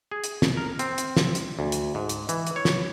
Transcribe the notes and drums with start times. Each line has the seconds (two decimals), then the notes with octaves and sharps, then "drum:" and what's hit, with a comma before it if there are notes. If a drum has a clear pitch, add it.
0.12 G#4
0.24 drum: hi-hat
0.42 drum: snare
0.57 A#4
0.79 C4, drum: hi-hat
0.98 drum: hi-hat
1.17 drum: snare
1.35 drum: hi-hat
1.59 D2
1.72 drum: hi-hat
1.95 G#2
2.09 drum: hi-hat
2.29 E3, drum: hi-hat
2.47 drum: hi-hat
2.56 C#5
2.65 drum: snare